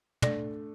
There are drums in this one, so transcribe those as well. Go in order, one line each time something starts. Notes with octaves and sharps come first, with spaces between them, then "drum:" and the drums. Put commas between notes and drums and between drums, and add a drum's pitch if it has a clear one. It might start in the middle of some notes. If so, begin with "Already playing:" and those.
A3 D4 D5, drum: tom